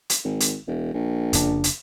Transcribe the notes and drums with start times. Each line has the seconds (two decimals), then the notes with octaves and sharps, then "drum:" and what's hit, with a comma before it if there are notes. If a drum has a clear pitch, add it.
0.10 drum: hi-hat
0.24 G#1
0.40 drum: hi-hat
0.68 E1
0.94 A#1
1.33 F1 C#3 D4, drum: hi-hat
1.64 drum: hi-hat